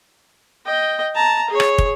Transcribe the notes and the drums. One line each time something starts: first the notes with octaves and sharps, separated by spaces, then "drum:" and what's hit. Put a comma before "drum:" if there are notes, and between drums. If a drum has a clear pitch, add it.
D#5 G5
A5 A#5
G#4 C#5
drum: rim click
drum: kick